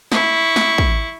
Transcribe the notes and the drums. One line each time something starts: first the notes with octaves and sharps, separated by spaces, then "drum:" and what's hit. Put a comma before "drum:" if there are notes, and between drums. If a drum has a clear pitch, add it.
E4 C#6, drum: snare
drum: snare
drum: kick